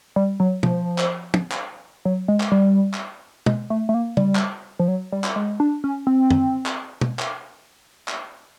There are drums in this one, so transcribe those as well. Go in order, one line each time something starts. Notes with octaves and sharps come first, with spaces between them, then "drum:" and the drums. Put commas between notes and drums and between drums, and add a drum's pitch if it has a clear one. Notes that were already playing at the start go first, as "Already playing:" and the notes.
G3
F#3
F3, drum: tom
drum: clap
drum: tom
drum: clap
F#3
G#3
drum: clap
G3
drum: clap
G#3, drum: tom
A3
A3
A#3
G3, drum: tom
drum: clap
F3
F#3
G3
drum: clap
G#3
D4
C#4
C4
drum: tom F2
drum: clap
drum: tom
drum: clap
drum: clap